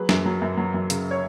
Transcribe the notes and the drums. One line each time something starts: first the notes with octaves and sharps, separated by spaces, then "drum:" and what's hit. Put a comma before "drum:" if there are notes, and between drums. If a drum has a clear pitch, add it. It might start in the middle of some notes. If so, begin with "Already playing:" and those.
Already playing: F#3 G#4 B4
F#2, drum: snare
F#3
F#2
F#3
F#2
C#3, drum: hi-hat
C#5